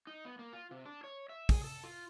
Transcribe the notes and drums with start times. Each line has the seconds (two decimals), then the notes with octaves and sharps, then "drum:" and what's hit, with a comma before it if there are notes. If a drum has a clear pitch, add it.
0.07 D#4
0.25 B3
0.39 A#3
0.53 F4
0.71 C3
0.85 D4
1.04 C#5
1.29 E5
1.49 G#4, drum: kick, open hi-hat
1.64 A4
1.84 F4